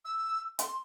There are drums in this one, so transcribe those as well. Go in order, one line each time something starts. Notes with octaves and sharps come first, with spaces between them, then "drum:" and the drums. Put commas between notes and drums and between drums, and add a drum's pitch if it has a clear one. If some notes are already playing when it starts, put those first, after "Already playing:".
E6
C6, drum: hi-hat